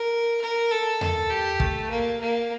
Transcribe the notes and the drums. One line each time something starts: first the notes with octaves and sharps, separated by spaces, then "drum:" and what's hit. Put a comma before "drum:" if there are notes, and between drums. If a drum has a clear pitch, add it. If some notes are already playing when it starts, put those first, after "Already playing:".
Already playing: A#4
A#4
A4
A4, drum: tom E2
G4
A3, drum: kick
A#3
A#3